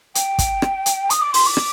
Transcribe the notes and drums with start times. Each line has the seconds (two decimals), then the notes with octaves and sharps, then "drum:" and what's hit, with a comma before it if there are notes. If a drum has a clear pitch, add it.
0.15 G5, drum: hi-hat
0.39 drum: kick, hi-hat
0.62 drum: rim click
0.86 drum: hi-hat
1.10 D#6, drum: hi-hat
1.21 D6
1.34 C6, drum: open hi-hat
1.46 D6
1.57 drum: rim click